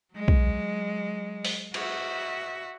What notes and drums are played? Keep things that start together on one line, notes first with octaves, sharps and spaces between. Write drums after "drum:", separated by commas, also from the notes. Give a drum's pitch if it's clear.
F#3 G#3
drum: kick B1
drum: open hi-hat
F#4 E5, drum: cymbal